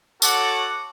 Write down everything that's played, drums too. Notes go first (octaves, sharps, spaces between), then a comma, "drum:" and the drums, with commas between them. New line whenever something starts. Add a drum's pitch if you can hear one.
F#4 A4 C#5 F#5 A5 D6, drum: tambourine